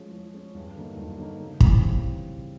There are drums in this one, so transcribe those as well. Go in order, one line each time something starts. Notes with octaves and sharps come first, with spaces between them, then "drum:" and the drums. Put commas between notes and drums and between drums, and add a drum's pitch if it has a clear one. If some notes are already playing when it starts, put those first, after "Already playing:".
Already playing: F3 G#3 C#4
F3
G#3 C#4
G2
D3 F#3 A#3 D#4
G2
D3 F#3 A#3 D#4
C#3
E3 G3 C4, drum: kick
C#3